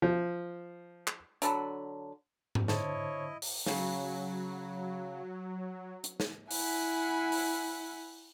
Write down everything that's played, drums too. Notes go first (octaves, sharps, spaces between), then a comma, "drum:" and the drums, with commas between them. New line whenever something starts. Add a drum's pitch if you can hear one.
F3
drum: clap
D3 F#3 A5 B5, drum: hi-hat
drum: tom G#2
D3 E4 C5 C#5 D#5 A5, drum: snare
drum: open hi-hat
C#3 F#3, drum: snare
drum: hi-hat
drum: snare
E4 F#5 G#5 B5, drum: open hi-hat
drum: open hi-hat